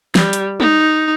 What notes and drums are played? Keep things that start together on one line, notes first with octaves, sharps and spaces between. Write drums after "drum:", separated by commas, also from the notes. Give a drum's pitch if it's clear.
G3, drum: snare
drum: hi-hat
D#4, drum: tom